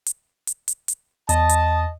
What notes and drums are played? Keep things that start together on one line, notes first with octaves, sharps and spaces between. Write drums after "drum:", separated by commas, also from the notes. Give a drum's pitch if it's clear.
drum: hi-hat
drum: hi-hat
drum: hi-hat
drum: hi-hat
E2 D#5 A5, drum: hi-hat
drum: hi-hat